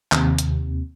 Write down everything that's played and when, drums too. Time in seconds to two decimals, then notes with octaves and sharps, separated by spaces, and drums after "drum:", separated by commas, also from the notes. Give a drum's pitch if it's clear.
0.12 D#2 C3, drum: clap
0.38 drum: hi-hat